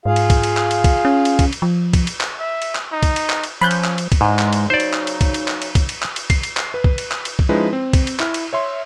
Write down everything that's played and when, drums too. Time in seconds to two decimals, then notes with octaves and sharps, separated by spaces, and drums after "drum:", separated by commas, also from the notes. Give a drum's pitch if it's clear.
0.06 G#2 F4 G#4 F5
0.16 drum: cymbal
0.30 drum: kick C2, cymbal
0.43 drum: cymbal
0.57 drum: clap
0.71 drum: cymbal
0.84 drum: kick C2, cymbal
1.05 C#4
1.25 drum: cymbal
1.39 drum: kick C2, cymbal
1.53 drum: cymbal
1.62 F3
1.93 drum: kick C2, cymbal
2.07 drum: cymbal
2.21 drum: clap
2.40 E5
2.62 drum: cymbal
2.75 drum: clap
2.93 D#4
3.03 drum: kick C2, cymbal
3.16 drum: cymbal
3.30 drum: clap
3.43 drum: cymbal
3.61 F3 C#4 B5 F#6 G6
3.71 drum: cymbal
3.84 drum: clap
3.98 drum: cymbal
4.12 drum: kick C2, cymbal
4.21 E2 G#2 G#3
4.39 drum: clap
4.53 drum: cymbal
4.70 C#3 F#3 D#4 C5 D5
4.80 drum: cymbal
4.93 drum: clap
5.07 drum: cymbal
5.21 drum: kick C2, cymbal
5.34 drum: cymbal
5.48 drum: clap
5.62 drum: cymbal
5.75 drum: kick C2, cymbal
5.89 drum: cymbal
6.03 drum: clap
6.16 drum: cymbal
6.30 C7, drum: kick C2, cymbal
6.43 drum: cymbal
6.57 drum: clap
6.74 B4
6.84 drum: kick C2
6.98 drum: cymbal
7.12 drum: clap
7.25 drum: cymbal
7.39 drum: kick C2
7.49 F3 G#3 C#4 D#4 E4 B4
7.73 C4
7.93 drum: kick C2, cymbal
8.07 drum: cymbal
8.20 E4 F6, drum: clap
8.34 drum: cymbal
8.53 C#5 E5 C6